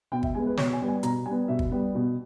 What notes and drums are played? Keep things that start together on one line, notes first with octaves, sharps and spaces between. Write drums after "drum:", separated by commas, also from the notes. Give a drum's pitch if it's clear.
B2 G5
E5, drum: kick
G#3 B3 G#5
B4
B2 C#5, drum: snare
G#5
G3 B3
G#5
B2 A#5, drum: hi-hat
G3 G#5
B3
B2 E5
drum: kick
G3 B3
B2